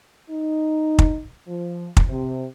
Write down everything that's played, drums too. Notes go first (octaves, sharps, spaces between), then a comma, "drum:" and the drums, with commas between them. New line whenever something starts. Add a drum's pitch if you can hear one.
D#4
drum: kick
F3
drum: kick
C3